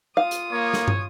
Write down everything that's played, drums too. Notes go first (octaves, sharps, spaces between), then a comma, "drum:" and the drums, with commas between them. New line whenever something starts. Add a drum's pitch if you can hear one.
F4 F5 D#6
drum: hi-hat
A#3 C#5
drum: snare
drum: tom